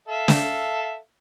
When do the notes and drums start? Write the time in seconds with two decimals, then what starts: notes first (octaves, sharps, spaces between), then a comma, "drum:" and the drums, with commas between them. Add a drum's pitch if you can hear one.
0.08 A4 E5 F5
0.28 drum: snare